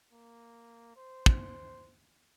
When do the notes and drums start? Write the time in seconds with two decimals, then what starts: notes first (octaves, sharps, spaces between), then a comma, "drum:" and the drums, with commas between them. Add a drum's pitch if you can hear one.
0.12 A#3
0.96 C5
1.26 drum: kick